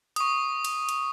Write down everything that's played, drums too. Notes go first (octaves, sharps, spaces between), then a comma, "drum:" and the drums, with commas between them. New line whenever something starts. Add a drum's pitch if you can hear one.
C#6 D#6, drum: cymbal
drum: cymbal
drum: cymbal